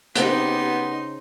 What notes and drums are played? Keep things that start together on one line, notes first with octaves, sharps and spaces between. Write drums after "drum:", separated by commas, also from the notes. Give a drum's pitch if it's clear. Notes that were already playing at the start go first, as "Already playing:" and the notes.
C#3 B3 C4 D#4 G4 C6, drum: hi-hat